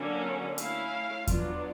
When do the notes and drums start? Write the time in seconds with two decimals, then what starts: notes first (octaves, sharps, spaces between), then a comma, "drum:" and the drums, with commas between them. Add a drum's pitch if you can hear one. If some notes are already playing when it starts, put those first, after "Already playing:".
Already playing: D3 F#3 A#3 C#4
0.58 A3 C#4 E4 F5, drum: hi-hat
1.27 F#3 B3 D4 F4, drum: kick E2, hi-hat